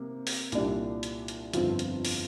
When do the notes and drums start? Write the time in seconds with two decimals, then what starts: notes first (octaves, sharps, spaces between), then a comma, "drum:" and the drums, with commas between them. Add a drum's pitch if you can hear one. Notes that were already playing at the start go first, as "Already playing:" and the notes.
Already playing: C3 A#3
0.27 drum: open hi-hat
0.52 C2 A#2 G3 D4, drum: hi-hat
1.03 drum: hi-hat
1.28 drum: hi-hat
1.53 G1 F2 F3 C4 F4, drum: hi-hat
1.79 drum: hi-hat
2.05 drum: open hi-hat